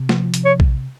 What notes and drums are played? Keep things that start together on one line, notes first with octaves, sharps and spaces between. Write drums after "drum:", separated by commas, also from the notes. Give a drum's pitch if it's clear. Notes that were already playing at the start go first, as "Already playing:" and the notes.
Already playing: C3
F3, drum: snare
C3, drum: hi-hat
C#5
drum: kick A#1